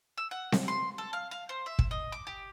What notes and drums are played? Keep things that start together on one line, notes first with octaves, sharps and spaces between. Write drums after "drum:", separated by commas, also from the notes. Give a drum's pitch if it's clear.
E6
F#5
drum: snare C4
C6
A4
F5
F5
C5
E5
drum: kick
D#5
D6
G4